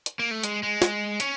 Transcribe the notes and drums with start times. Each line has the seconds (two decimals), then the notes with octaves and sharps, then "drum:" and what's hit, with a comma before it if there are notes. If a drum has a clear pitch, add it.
0.06 drum: hi-hat
0.19 A#3
0.31 A3
0.44 G#3, drum: hi-hat
0.63 G#3
0.82 drum: snare
1.20 C#4, drum: hi-hat